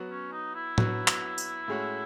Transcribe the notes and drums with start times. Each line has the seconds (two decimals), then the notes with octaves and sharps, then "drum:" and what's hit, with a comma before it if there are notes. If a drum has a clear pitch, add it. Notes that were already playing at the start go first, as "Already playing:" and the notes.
Already playing: F#3 B3 F#4
0.10 C#4
0.32 D#4
0.55 E4
0.78 F#3 B3 F#4, drum: tom A2
1.08 drum: clap
1.38 drum: tambourine
1.68 A2 G#3 C#4 F#4